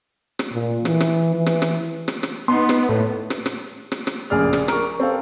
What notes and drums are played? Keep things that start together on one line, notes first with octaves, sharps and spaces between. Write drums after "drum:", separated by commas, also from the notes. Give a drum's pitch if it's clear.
drum: rim click
A#2
E3, drum: rim click
drum: rim click
E3
drum: rim click
drum: rim click
drum: rim click
drum: rim click
B3 D#4 C6
drum: rim click
A2 A3 B4 C#5
drum: rim click
drum: rim click
drum: rim click
drum: rim click
A#1 C#3 G#4 D5 F6
drum: rim click
A#4 C#6, drum: rim click
C4 A4 F5